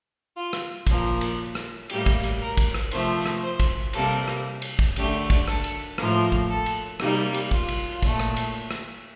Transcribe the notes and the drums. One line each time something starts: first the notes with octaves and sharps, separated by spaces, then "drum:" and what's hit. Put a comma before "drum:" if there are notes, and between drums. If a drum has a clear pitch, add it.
F4
drum: rim click
A#2 F3 A#3, drum: kick, cymbal
drum: cymbal
drum: rim click
A2 G3 A#3 G4, drum: cymbal
drum: kick
drum: cymbal
A#4
drum: kick, cymbal
drum: rim click
C3 F3 A3 C5, drum: cymbal
drum: rim click
C5
drum: kick, cymbal
C3 G3 A#3 A4, drum: cymbal
drum: rim click
drum: cymbal
drum: kick
D3 A3 G4, drum: cymbal
drum: kick, cymbal
A4, drum: rim click
drum: cymbal
A2 F3 A#3 A#4, drum: rim click
drum: kick
A4
drum: cymbal
C3 G3 A#3 D#4, drum: rim click
drum: cymbal
F4, drum: kick
drum: cymbal
A#2 A3, drum: kick, cymbal
drum: rim click
drum: cymbal
drum: rim click